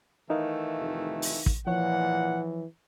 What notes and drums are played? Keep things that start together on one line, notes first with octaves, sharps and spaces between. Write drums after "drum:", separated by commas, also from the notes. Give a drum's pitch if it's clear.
D#3 E3 A3 D#4 A#4 F5
F1
drum: open hi-hat
drum: kick
A#2 E3 F3 C#5 F#5